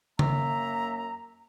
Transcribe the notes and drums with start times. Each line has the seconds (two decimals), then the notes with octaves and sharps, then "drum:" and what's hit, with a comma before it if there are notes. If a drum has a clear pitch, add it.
0.19 F#2 A#3 E5 A#5, drum: tom C#3